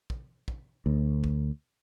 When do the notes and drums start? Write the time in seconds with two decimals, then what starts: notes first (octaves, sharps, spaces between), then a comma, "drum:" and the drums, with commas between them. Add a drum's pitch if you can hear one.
0.10 drum: kick
0.48 drum: kick
0.86 D2
1.24 drum: kick